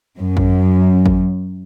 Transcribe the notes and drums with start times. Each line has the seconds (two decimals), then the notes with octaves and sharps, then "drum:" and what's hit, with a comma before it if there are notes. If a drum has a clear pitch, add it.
0.20 F#2
0.37 drum: kick G#1
1.06 drum: kick G#1